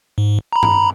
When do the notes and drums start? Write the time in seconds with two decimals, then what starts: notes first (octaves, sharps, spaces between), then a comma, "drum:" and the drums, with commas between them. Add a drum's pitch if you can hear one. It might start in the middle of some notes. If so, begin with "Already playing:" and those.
0.18 G#2
0.53 A#5 B5
0.63 drum: tom G2